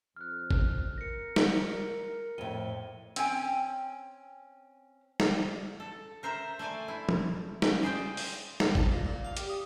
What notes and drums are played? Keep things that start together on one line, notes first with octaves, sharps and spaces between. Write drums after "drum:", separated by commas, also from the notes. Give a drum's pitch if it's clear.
F2 F6 F#6
drum: kick
A#4 A#6 C#7
drum: snare
F2 A2 D#7 G7
C4 C#4 G5 G#5, drum: hi-hat
drum: snare
A4
A#4 C5 E5 A#5
A3 C5 D5 G#5
E4
drum: tom
C#3, drum: snare
G#4 C5 D5 G5
drum: open hi-hat
F#2, drum: snare
A5, drum: kick
A#2
A#2
F5
G4, drum: hi-hat
D#6